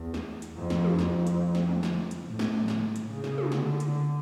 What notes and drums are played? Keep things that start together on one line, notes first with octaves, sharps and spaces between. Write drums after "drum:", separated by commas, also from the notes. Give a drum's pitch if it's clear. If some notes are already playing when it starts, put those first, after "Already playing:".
Already playing: E2
drum: snare
drum: hi-hat
F2
drum: snare
drum: tom
F2, drum: snare
drum: hi-hat
drum: snare
drum: tom
drum: snare
drum: hi-hat
A2
drum: snare
drum: tom
A2, drum: snare
drum: hi-hat
C#3
drum: snare
drum: tom
D3, drum: snare
drum: hi-hat